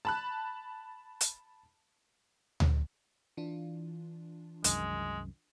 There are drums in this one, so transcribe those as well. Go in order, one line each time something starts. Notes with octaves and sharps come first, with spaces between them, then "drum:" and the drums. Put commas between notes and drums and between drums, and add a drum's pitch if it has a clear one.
A5 B5 F#6
drum: hi-hat
drum: tom D2
E3 D4 F4
C2 F#2 D#3 G#3, drum: hi-hat